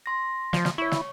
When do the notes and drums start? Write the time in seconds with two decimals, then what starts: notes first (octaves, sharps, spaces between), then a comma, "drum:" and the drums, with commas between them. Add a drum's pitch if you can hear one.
0.06 C6 A#6
0.53 F3, drum: snare
0.65 drum: snare
0.78 E4 C#5 C#6
0.92 drum: snare